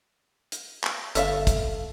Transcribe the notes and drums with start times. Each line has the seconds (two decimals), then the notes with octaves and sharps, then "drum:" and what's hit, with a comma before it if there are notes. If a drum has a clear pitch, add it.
0.52 drum: hi-hat
0.84 drum: clap
1.15 G1 A4 E5 F5, drum: hi-hat
1.47 drum: kick, hi-hat